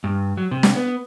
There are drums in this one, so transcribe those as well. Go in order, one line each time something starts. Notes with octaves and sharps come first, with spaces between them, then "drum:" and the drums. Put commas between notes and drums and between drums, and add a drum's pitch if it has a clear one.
G2
F#3
C3
drum: snare
B3